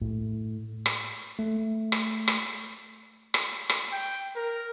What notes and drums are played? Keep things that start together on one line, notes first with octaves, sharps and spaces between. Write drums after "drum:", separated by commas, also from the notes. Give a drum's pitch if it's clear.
A2
drum: rim click
A3
drum: rim click
drum: rim click
drum: rim click
drum: rim click
G5
A#4